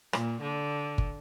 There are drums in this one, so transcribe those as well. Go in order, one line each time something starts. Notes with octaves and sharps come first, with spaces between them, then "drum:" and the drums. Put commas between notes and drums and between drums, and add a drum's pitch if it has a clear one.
A#2, drum: rim click
D3
drum: kick